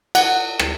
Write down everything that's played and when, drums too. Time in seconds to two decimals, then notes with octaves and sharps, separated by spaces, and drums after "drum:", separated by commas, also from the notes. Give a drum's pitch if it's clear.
0.15 F#5, drum: cymbal
0.59 drum: rim click